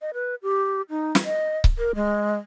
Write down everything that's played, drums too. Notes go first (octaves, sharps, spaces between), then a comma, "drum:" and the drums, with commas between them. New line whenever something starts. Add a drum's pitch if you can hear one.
D#5
B4
G4
D#4
drum: snare
D#5
drum: kick C#1
A#4
G#3